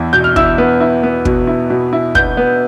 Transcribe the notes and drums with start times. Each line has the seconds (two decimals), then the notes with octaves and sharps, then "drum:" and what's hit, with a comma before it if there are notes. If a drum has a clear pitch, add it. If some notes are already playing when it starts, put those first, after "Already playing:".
Already playing: E2 E4
0.13 B2 G6
0.24 F6
0.36 E4 E6, drum: kick
0.58 B3
0.80 E4
1.03 B3
1.25 B2, drum: kick
1.47 E4
1.70 B2
1.93 E4
2.15 B3 G6, drum: kick
2.37 B3